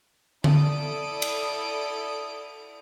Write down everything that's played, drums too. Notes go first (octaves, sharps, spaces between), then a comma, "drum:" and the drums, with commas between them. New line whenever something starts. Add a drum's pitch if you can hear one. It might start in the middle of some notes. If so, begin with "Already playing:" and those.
E4 A4 D5 D#6 D7, drum: tom D3
drum: cymbal